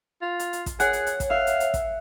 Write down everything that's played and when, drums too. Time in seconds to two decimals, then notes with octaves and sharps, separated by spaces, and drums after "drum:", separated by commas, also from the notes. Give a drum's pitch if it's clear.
0.22 F4
0.39 drum: hi-hat
0.53 drum: hi-hat
0.66 drum: kick, hi-hat
0.80 G#4 C#5 F#5, drum: hi-hat
0.93 drum: hi-hat
1.07 drum: hi-hat
1.20 drum: kick, hi-hat
1.30 E5 F5
1.47 drum: hi-hat
1.60 drum: hi-hat
1.74 drum: kick, hi-hat